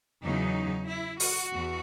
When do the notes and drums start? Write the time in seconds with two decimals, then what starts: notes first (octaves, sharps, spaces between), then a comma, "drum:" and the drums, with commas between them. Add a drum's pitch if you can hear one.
0.22 E2 C#3 F#3 D#4
0.86 E4
1.20 F#4, drum: open hi-hat
1.52 E2